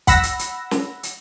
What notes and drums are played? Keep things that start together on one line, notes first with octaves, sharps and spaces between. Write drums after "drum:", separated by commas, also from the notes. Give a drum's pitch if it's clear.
F#5 B5 E6 A#6, drum: kick, hi-hat
drum: hi-hat
drum: hi-hat
drum: snare
drum: hi-hat